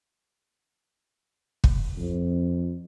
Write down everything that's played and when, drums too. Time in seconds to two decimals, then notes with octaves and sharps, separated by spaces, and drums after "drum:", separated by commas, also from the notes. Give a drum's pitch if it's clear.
1.64 drum: kick
1.97 F2